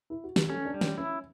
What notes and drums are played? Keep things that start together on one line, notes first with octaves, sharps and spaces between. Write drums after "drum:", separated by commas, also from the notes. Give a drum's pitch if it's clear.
E4
F#4
G4, drum: snare
C#4 A4
D4
G3
C#4, drum: snare
C#4 E4